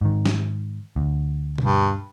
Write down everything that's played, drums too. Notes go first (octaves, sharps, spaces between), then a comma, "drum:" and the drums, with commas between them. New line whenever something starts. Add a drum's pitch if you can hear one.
G#2 D#3
drum: snare
D2
G2, drum: tom B2